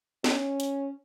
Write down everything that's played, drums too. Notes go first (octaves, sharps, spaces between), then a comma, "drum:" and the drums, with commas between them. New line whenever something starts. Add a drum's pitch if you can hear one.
C#4, drum: snare
drum: hi-hat